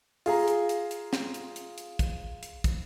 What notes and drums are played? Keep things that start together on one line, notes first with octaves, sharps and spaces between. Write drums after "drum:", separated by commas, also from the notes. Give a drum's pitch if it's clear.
F4 G#4 A#5, drum: open hi-hat
drum: hi-hat
drum: hi-hat
drum: hi-hat
drum: snare
drum: hi-hat
drum: hi-hat
drum: hi-hat
drum: kick, hi-hat
drum: hi-hat
drum: kick, hi-hat